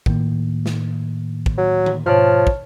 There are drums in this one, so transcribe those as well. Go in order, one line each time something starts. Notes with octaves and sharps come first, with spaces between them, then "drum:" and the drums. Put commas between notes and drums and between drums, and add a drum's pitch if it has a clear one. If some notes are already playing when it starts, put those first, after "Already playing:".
A2 D#3 A#3, drum: kick
drum: snare
drum: kick
F#3
drum: tom D3
G#2 B2 F3 C#5 A5 F6
drum: kick